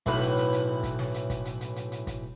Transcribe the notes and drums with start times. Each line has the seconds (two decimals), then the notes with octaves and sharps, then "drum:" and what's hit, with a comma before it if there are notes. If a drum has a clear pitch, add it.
0.06 B1 A2 E3 B4, drum: kick, hi-hat
0.22 drum: hi-hat
0.37 drum: hi-hat
0.52 drum: hi-hat
0.83 drum: kick, hi-hat
0.99 drum: snare
1.14 drum: hi-hat
1.30 drum: kick, hi-hat
1.45 drum: hi-hat
1.61 drum: hi-hat
1.76 drum: hi-hat
1.92 drum: hi-hat
2.07 drum: kick, hi-hat